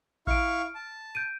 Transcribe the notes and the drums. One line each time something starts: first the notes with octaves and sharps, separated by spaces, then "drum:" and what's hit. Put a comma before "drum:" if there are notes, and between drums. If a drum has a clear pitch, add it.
E4 F5 C#6 F6 D7, drum: kick A1
A5
G6 D7 D#7